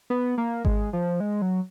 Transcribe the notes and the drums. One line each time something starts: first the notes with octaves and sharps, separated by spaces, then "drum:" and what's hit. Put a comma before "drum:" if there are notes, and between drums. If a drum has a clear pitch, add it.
B3
A#3
G#3, drum: kick G#1
F3
G#3
F#3